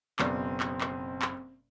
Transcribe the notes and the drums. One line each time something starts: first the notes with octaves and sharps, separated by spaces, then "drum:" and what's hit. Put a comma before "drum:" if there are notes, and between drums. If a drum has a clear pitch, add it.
F#1 B2 B3 C4 D5, drum: clap
drum: clap
drum: clap
drum: clap